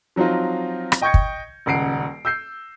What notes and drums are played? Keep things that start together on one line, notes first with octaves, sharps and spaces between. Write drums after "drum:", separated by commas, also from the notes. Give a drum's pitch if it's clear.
F3 F#3 C4 D#4 F4
drum: rim click
D#5 G5 C#6 G6 G#6 C#7
drum: kick
D#1 C#2 F#5 C7 D7
E6 G6 C7